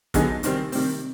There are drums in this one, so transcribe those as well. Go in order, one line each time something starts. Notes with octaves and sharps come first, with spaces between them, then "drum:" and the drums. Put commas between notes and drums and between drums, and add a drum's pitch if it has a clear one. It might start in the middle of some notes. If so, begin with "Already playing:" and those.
D3 F#3 B3 D#4 G#4, drum: kick, hi-hat
C3 D#3 G3 C4, drum: hi-hat
C3 D#3 G3 C4, drum: open hi-hat